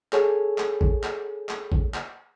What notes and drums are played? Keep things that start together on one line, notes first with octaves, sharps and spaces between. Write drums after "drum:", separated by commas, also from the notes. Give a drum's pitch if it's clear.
G#4 A4 C#5 G#5, drum: clap
drum: clap
drum: kick A1
drum: clap
drum: clap
drum: kick A1
drum: clap